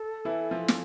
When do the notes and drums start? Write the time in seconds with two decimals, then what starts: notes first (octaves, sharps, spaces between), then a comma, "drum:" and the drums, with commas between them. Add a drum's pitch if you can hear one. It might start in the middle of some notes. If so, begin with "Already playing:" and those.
Already playing: A4
0.25 E3 E4
0.51 F3 F4
0.68 drum: snare